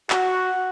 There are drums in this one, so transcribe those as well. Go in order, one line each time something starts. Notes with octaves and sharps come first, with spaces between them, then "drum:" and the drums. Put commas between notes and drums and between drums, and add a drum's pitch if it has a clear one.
F#4 F#5, drum: clap